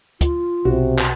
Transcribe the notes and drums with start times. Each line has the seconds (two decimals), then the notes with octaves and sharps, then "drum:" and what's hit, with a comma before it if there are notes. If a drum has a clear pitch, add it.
0.21 F4, drum: kick, hi-hat
0.65 B1 C3 F#4
0.98 drum: clap